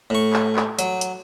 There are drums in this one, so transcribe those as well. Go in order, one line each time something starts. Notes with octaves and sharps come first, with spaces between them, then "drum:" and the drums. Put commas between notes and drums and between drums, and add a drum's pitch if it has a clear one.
A2 C#6
drum: clap
drum: clap
F#3, drum: hi-hat
drum: hi-hat